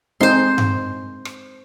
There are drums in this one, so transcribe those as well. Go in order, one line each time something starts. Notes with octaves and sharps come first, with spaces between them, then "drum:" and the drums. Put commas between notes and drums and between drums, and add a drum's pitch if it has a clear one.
G#3 C4 D#4 C5 C6
drum: tom G2
drum: rim click